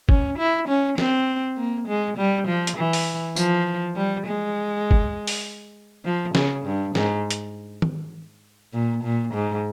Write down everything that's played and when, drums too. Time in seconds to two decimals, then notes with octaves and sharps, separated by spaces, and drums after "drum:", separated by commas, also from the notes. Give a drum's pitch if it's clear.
0.09 C#4, drum: kick
0.38 E4
0.68 C#4
0.98 C4, drum: snare
1.57 A#3
1.87 G#3
2.17 G3
2.47 F3
2.67 drum: hi-hat
2.77 E3
2.93 drum: open hi-hat
3.36 F3, drum: tambourine
3.96 G3
4.26 G#3
4.91 drum: kick
5.27 drum: open hi-hat
6.05 F3
6.35 C#3, drum: snare
6.65 G2
6.95 G#2, drum: snare
7.31 drum: hi-hat
7.82 drum: tom D#3
8.73 A#2
9.04 A#2
9.34 G#2